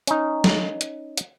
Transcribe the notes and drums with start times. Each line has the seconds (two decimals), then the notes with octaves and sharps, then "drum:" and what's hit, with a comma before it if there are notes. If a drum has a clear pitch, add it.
0.07 C#4 D#4, drum: hi-hat
0.44 drum: snare
0.81 drum: hi-hat
1.17 drum: hi-hat